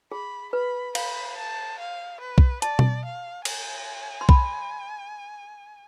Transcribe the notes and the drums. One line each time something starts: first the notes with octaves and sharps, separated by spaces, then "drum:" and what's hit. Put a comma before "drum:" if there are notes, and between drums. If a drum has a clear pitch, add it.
G#4 B5
B4 B5
F5 B5, drum: cymbal
A5
F5
B4
drum: kick B1
D5 A5, drum: hi-hat
drum: tom B2
F5
G#5, drum: cymbal
C6
B5, drum: kick B1